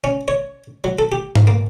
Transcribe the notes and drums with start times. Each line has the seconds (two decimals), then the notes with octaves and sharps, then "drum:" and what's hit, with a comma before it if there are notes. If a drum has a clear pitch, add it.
0.04 C#4
0.28 C#5
0.84 F#3
0.99 A4
1.12 G4
1.35 drum: tom G#2
1.47 A#3